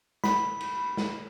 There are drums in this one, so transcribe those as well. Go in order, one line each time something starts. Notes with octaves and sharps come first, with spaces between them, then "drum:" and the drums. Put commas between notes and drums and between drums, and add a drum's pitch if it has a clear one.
B5, drum: snare
drum: cymbal
drum: snare